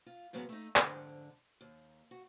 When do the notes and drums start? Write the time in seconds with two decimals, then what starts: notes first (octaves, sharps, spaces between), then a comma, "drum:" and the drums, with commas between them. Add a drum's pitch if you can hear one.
0.06 F4
0.33 A2 C#3 F#3 G#3 B3
0.49 A3 D#4
0.76 F2 G#2 D3, drum: clap
1.61 D#2
2.11 F#4